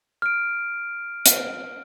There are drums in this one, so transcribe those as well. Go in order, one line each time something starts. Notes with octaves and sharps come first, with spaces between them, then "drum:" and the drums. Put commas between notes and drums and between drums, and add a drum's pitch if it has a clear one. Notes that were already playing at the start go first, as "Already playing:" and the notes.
F6 D7
drum: hi-hat